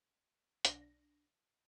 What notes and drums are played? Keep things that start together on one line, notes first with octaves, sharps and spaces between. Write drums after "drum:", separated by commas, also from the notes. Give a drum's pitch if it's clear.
B1 D4 A#6, drum: hi-hat